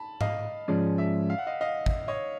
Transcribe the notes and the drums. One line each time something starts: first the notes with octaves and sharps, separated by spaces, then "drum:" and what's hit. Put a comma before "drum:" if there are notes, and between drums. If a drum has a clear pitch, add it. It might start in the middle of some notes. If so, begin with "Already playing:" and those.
Already playing: A5 B5
D#5 F5, drum: tom G#2
G#2 F3 G#3 C#4 D5
D5 E5
F5
F#5
D#5 F5
D#5 F5
drum: kick
C#5 D#5